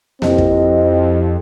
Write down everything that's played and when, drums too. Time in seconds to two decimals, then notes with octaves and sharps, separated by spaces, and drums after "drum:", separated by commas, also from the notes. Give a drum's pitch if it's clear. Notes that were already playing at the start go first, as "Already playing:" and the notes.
0.22 F2 C4 E4 G4 D#5, drum: snare A#3
0.38 drum: kick